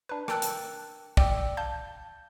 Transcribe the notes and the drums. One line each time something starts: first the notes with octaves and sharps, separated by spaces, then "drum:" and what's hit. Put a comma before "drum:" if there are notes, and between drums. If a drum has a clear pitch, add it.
D4 B4
A#4 G5 A5 E6 F#6, drum: rim click
drum: hi-hat
D5 G5 D6 E6, drum: kick
F5 A5 G6